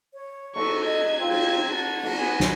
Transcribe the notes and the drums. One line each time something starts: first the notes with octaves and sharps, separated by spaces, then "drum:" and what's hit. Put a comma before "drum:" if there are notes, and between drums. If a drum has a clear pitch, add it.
C#5
A4 C#6, drum: cymbal
D#5 G#6
C4 F4
drum: cymbal
F#5 A5
drum: cymbal
B3 G#5
drum: snare